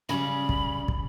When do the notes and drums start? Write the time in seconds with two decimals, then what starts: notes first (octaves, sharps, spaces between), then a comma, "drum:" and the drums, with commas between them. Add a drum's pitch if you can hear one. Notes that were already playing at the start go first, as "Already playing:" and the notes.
0.09 C#3 G3 B5
0.49 drum: kick
0.88 drum: kick